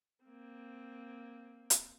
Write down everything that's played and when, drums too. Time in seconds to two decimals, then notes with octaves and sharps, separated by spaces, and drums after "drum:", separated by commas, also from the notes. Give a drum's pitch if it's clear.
0.25 A#3 C4
1.70 drum: hi-hat